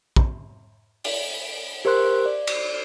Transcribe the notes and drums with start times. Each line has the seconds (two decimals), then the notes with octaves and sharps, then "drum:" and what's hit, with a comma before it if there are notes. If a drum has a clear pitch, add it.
0.16 drum: kick
1.04 drum: open hi-hat
1.85 G4 A#4 C5 C6 F#6
2.26 D5
2.47 drum: cymbal